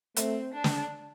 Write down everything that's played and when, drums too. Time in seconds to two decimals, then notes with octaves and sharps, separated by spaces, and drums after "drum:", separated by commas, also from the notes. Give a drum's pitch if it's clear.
0.16 A3 C4, drum: hi-hat
0.53 D4
0.64 drum: snare